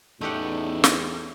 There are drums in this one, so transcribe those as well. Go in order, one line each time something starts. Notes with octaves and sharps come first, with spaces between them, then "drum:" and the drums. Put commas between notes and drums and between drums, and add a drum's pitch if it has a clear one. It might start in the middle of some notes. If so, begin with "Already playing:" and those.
E2 A2 A3 C#4 D#4 G4 F#5
drum: snare